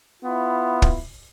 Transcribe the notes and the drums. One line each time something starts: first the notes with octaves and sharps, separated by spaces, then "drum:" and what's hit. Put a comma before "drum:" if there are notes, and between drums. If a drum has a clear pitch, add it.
B3 E4 F4
drum: kick